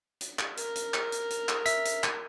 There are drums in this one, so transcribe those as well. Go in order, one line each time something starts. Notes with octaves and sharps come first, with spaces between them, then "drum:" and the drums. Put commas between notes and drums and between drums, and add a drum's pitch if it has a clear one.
drum: hi-hat
drum: clap
A#4, drum: hi-hat
drum: hi-hat
drum: clap
drum: hi-hat
drum: hi-hat
drum: clap
E5 B6, drum: hi-hat
drum: hi-hat
drum: clap